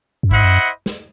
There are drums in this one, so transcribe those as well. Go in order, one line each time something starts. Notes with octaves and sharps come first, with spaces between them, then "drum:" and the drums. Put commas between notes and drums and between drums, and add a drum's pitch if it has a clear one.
F#2
G#2 E4 C5 D#5 F#5, drum: kick G#1
F#2
drum: snare